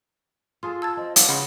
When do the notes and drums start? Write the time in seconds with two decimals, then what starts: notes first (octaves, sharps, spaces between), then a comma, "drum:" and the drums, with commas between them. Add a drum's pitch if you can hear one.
0.63 F4 G#4 A4 C6
0.82 A5 E6 G#6 A6
0.97 C4 D#5
1.16 B3 G4 D5 F5, drum: hi-hat
1.29 C#3 F#5 B5 C6